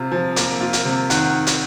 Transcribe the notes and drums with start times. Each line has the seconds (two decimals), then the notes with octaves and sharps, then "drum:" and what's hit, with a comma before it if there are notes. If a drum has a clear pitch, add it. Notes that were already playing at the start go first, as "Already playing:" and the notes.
Already playing: C3 F4
0.11 F3
0.36 A#3, drum: hi-hat
0.61 F4
0.73 drum: hi-hat
0.85 C3
1.10 D#3 F#5, drum: hi-hat
1.47 drum: hi-hat